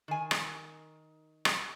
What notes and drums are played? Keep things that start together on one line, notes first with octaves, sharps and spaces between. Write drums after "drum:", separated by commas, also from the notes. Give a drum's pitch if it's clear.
D#3 G#5
drum: rim click
drum: rim click